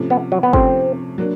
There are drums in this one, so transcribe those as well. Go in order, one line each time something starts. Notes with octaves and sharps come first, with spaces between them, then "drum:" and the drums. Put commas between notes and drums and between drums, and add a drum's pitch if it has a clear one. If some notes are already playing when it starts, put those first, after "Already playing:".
Already playing: C3 F3 A3 C#4
B3
F#3
B3
C3 F3 A3 C4 C#4, drum: kick
F#3 A#3 D4